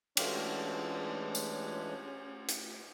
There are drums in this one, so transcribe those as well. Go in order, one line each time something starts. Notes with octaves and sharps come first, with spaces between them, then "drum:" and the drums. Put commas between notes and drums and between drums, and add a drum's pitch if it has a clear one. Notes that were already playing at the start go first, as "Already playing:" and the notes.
E3 G#3 A3 C#4 D4 F4 G4, drum: cymbal
drum: tambourine
drum: hi-hat